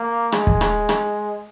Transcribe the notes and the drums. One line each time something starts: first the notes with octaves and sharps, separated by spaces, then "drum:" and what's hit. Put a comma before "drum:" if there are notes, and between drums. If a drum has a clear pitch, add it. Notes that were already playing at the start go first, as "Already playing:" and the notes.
Already playing: A#3
G#3, drum: rim click
drum: kick
drum: rim click
drum: rim click